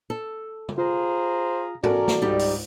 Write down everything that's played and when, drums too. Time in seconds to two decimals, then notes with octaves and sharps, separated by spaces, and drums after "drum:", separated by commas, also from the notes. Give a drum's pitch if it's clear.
0.10 A4
0.69 drum: tom C#3
0.78 F4 G#4 C5 F5 A#5
1.84 C#4 F#4 A4 A#4 D5, drum: tom
2.08 drum: snare
2.22 C#2 G#2 G3 D#4 G4
2.39 drum: open hi-hat